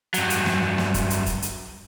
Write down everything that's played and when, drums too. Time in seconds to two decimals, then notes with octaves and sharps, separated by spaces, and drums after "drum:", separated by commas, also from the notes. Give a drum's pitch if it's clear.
0.14 G2 F#3, drum: hi-hat
0.30 drum: hi-hat
0.46 drum: snare
0.78 drum: snare
0.94 drum: kick, hi-hat
1.10 drum: hi-hat
1.26 drum: kick, hi-hat
1.42 drum: hi-hat